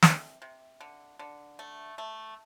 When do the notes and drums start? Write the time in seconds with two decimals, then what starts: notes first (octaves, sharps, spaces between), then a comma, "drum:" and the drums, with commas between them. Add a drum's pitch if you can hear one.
0.03 C3, drum: snare
0.42 C3
0.81 D3
1.19 D3
1.59 A3
1.98 A3